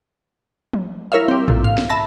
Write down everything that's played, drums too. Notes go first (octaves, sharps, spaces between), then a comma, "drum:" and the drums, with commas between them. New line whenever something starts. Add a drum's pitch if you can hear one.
drum: tom
E4 A#4 C#5 E5 F5
G3 C4
A#1 A2, drum: tom
F5
drum: snare
E5 A5 B5 A#6